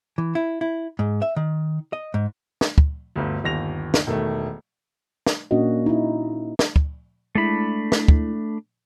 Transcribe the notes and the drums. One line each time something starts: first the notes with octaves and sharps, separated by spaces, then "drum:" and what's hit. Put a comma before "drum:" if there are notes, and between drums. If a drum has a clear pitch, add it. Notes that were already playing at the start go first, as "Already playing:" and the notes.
E3
E4
E4
G#2
E5
D#3
D#5
G#2
drum: snare
drum: kick
G1 D2
G1 D#2 A#6 F7
drum: snare
E1 D#3 A3
drum: snare
A#2 A#3 C#4 D4 F#4 D#5
D#4 E4
drum: snare
drum: kick
G#3 A3 D4 E4 B5
drum: snare
drum: kick